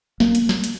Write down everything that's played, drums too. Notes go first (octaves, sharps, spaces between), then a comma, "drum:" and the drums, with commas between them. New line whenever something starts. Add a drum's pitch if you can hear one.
A#3, drum: snare
drum: hi-hat
drum: snare
drum: hi-hat